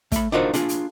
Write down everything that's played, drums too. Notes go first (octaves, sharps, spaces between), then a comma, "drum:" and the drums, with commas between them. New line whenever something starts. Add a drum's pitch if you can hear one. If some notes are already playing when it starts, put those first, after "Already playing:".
A3 B5, drum: kick, hi-hat
D4 D#4 F4 F#4 A#4 C5
D4 F4 G#4, drum: hi-hat
drum: hi-hat